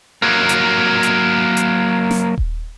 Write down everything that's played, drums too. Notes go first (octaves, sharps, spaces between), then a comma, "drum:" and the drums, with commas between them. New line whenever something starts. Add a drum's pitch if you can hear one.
F#3 A#3
drum: hi-hat
drum: hi-hat
drum: hi-hat
drum: snare
drum: kick D#1